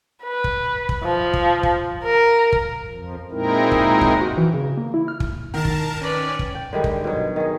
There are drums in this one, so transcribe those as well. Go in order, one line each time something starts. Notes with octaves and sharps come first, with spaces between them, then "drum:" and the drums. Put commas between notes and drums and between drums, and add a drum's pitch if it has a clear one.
B4
drum: kick
drum: kick
F3
drum: kick
drum: kick
A#4
drum: kick
F2 F3
A#2 G#3 C4 D#4 E4 A#4
drum: kick
drum: kick
F#4
E3
C#3
A#3
E4
F6
drum: kick
D#3 A#4 A5
drum: kick
C#4 B4 D5
drum: kick
G5
D3 D#3 G3 G#3
drum: kick
B2 F#3
D#3 G#4